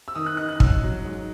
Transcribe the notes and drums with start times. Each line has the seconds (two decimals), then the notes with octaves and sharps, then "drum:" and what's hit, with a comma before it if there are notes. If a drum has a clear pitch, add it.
0.08 E6
0.15 D#3 D#6
0.26 F#6
0.37 D#4 F#6
0.49 F#6
0.60 F#3 E6, drum: kick
0.83 F#3
1.05 G#2